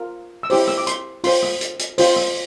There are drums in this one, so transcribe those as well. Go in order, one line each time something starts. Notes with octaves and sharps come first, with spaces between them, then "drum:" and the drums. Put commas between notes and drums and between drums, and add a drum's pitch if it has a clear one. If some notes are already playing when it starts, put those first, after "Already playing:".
Already playing: F4 A#4
E6
E4 G4 C5 D6, drum: open hi-hat
E6, drum: rim click
D6
C6, drum: hi-hat
F4 C5 C6, drum: open hi-hat
drum: rim click
drum: hi-hat
drum: hi-hat
F4 C5, drum: open hi-hat
drum: rim click